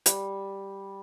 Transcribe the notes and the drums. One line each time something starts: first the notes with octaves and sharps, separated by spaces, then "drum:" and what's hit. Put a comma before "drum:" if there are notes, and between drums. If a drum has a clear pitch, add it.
G3, drum: hi-hat